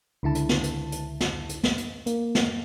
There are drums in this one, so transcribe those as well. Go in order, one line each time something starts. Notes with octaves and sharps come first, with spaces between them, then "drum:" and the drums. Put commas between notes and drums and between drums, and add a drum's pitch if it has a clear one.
C#2 D3 E4 A5
drum: hi-hat
drum: snare
drum: hi-hat
drum: hi-hat
drum: snare
drum: hi-hat
drum: snare
drum: hi-hat
A#3, drum: hi-hat
drum: snare